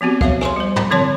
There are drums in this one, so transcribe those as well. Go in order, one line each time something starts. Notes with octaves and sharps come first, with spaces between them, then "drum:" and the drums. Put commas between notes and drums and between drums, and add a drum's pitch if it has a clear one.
F3 B3 C4 F#4 G4
C#5 E5 F5, drum: kick
G#5 C6, drum: rim click
G3 C5
B5, drum: tom
D3 F3 C4 C#5 A5 C6